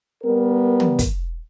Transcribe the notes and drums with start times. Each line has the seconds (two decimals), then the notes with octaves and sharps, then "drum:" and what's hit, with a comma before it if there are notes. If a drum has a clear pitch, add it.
0.23 G3 B3 A#4
0.80 drum: tom
0.99 drum: kick, hi-hat